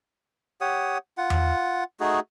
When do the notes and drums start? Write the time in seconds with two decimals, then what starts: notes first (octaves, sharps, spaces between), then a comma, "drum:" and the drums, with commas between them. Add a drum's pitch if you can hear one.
0.61 G4 C#5 F#5 D#6
1.18 F4 F#5
1.30 drum: tom E2
2.00 A3 D#4 F#4 G#4